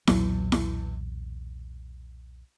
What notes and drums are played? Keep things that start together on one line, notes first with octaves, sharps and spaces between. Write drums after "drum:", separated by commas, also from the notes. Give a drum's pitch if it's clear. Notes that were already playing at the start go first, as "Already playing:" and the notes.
B1 E2 A#2 F#3, drum: snare E4
drum: snare E4